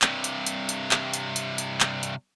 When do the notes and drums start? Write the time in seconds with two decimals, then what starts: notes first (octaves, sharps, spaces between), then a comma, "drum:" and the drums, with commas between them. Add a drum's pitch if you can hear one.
0.02 G2 C3, drum: clap
0.24 drum: hi-hat
0.46 drum: hi-hat
0.69 drum: hi-hat
0.91 drum: clap
1.14 drum: hi-hat
1.36 drum: hi-hat
1.58 drum: hi-hat
1.81 drum: clap
2.03 drum: hi-hat